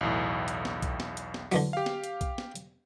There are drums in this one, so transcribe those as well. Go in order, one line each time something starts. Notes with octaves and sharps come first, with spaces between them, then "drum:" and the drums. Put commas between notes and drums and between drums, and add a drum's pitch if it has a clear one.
B1 E2 A2
drum: hi-hat
drum: snare
drum: kick, hi-hat
drum: snare
drum: hi-hat
drum: snare
D3 E3 F#3, drum: open hi-hat
G4 F5
drum: snare
drum: hi-hat
drum: kick, hi-hat
drum: snare
drum: hi-hat